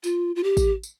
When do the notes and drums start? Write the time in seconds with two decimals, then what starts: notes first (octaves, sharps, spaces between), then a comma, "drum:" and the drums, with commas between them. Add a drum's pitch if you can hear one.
0.04 F4, drum: tambourine
0.36 F4
0.44 G4
0.57 drum: kick A1, tambourine
0.83 drum: tambourine